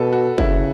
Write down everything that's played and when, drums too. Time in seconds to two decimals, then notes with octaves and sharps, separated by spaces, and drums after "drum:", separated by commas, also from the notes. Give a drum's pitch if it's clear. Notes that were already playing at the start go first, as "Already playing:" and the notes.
Already playing: B2 A4 B4
0.13 F#4
0.38 C#3 E4, drum: kick